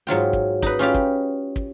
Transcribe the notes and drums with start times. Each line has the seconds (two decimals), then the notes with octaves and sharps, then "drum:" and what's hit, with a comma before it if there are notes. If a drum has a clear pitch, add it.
0.07 G#2 F#3 F4 G5
0.33 drum: kick
0.62 D#4 B4, drum: kick
0.79 C#4 F4 G4 F5
0.94 drum: kick
1.56 drum: kick